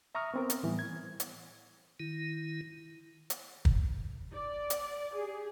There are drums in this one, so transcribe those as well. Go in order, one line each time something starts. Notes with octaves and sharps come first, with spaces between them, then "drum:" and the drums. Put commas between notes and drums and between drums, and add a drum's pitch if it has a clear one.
E5 A#5 C#6 D#6 F6
B3 C4 A#4
drum: hi-hat
A2 E3 G3 B3
G#6
drum: hi-hat
D#3 E4
drum: hi-hat
drum: kick
D5
drum: hi-hat
G4 G#4